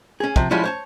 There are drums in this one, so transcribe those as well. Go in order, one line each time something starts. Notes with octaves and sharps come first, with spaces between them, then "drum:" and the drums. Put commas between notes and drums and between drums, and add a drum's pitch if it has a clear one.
C#4 G#4
C3 F3, drum: kick
F3 G3 G#3 C#4 E4
C5 C#5 A5